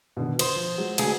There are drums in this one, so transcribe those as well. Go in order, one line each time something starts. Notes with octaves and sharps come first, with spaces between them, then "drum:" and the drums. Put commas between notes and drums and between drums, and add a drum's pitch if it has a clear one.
B2 D3 D#3
C5 C6 D#6, drum: cymbal
F3
F#3 G#3
D2 G#4, drum: cymbal